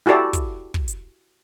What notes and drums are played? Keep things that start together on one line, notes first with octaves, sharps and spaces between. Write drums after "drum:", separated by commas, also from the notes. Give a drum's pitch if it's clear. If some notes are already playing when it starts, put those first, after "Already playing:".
E4 F#4 G4 A4 D5
drum: kick, hi-hat
drum: kick
drum: hi-hat